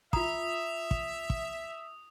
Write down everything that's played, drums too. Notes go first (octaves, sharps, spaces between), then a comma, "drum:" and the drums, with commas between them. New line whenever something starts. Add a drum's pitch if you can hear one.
F4 E5 A#5 D#6, drum: kick
drum: kick
drum: kick